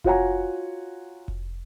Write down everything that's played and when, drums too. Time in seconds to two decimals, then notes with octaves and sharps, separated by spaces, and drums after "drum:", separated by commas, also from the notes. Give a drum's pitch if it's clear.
0.04 F4 F#4 C#5 F#5 G#5 A#5, drum: kick F1
1.28 drum: kick F1